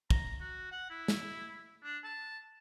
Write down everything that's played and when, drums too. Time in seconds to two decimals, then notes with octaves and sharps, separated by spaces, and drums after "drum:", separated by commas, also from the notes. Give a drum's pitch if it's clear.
0.10 A#5, drum: kick
0.40 F#4
0.71 F#5
0.90 E4
1.08 drum: snare
1.83 D4
2.04 A5